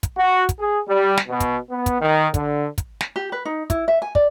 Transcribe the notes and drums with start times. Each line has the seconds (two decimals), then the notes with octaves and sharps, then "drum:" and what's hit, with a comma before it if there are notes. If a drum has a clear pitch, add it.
0.03 drum: kick, hi-hat
0.17 F#4
0.49 drum: kick, hi-hat
0.59 G#4
0.88 G3
1.17 drum: snare
1.28 B2
1.40 drum: kick, hi-hat
1.69 B3
1.86 drum: kick, hi-hat
2.01 D#3
2.34 D3, drum: kick, hi-hat
2.78 drum: kick, hi-hat
3.01 drum: snare
3.16 G4
3.32 B4
3.45 D#4
3.70 E4, drum: kick, hi-hat
3.88 E5
4.02 G#5
4.15 D5, drum: kick